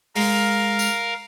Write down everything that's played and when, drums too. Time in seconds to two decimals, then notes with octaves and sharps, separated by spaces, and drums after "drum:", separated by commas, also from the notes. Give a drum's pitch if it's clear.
0.16 G#3 A#4 F5, drum: open hi-hat
0.79 drum: tambourine